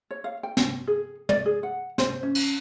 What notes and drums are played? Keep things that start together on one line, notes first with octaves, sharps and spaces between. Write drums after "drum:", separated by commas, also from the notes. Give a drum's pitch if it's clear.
C#5
F5
G5
drum: snare
G#4
D5, drum: tom
G#4
F#5
C5, drum: snare
C#4
drum: cymbal